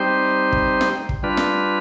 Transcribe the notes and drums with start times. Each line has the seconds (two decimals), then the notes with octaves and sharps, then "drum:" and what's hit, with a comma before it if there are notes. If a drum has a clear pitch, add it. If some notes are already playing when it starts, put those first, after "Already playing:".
Already playing: G3 C4 D#4 G4 C5
0.52 drum: kick
0.81 drum: snare
1.09 drum: kick
1.23 G3 D4 F4 B4
1.37 drum: snare